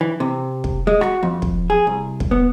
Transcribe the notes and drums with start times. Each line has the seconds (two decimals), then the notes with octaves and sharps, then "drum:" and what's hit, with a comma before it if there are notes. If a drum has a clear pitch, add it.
0.01 E3
0.20 C3
0.64 drum: kick
0.87 G#3
1.01 F#4, drum: rim click
1.23 F2
1.42 drum: kick
1.70 G#4
1.87 C2
2.20 drum: kick
2.31 B3